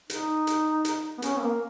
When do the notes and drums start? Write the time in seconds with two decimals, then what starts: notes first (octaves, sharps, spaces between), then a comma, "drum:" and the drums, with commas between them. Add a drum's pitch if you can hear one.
0.10 D#4, drum: hi-hat
0.47 drum: hi-hat
0.85 drum: hi-hat
1.18 B3
1.22 C#4, drum: hi-hat
1.36 B3
1.41 A#3